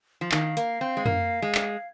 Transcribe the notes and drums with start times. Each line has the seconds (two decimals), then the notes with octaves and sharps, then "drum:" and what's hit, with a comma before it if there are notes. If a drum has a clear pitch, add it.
0.21 F3
0.32 D#3 F5, drum: clap
0.57 A#3, drum: hi-hat
0.81 C4
0.97 G#3
1.06 A#3, drum: tom
1.42 G#3
1.55 drum: clap